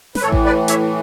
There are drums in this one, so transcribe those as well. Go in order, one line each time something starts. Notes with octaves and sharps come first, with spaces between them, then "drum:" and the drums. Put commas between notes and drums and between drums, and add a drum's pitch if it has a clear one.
B4, drum: snare
A2 E3 A4 C#5
drum: kick A1
B4 D5
C#5 E5, drum: hi-hat